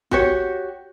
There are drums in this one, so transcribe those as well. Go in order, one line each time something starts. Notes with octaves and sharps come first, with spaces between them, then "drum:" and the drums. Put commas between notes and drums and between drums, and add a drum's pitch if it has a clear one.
F#4 G4 C#5, drum: kick A1